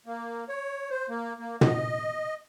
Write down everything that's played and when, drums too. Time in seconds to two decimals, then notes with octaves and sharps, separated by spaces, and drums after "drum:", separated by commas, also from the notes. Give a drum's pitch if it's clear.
0.06 A#3
0.49 C#5
0.90 C5
1.09 A#3
1.39 A#3
1.61 D#5, drum: tom